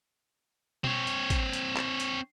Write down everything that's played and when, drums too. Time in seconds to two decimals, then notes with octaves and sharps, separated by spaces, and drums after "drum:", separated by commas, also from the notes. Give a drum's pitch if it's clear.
0.84 C4 C#5, drum: tom B2
1.07 drum: hi-hat
1.30 drum: kick, hi-hat
1.53 drum: hi-hat
1.77 drum: clap
2.00 drum: hi-hat